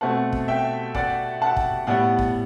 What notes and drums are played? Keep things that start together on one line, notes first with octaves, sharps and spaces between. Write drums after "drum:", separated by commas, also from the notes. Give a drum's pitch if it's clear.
B2 A3 C4 F#5 A5
drum: kick
E5 G5
D5 F#5, drum: kick
F#5 A5
drum: kick
A2 G3 B3 D5 F#5
drum: kick